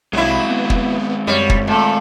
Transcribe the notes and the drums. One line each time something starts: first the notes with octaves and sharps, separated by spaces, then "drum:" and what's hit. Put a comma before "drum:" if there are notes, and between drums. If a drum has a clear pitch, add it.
C2 F#3 G#3 C4 E4 F5
B3
drum: kick
F#2 G3 C#5
drum: kick
A#2 A3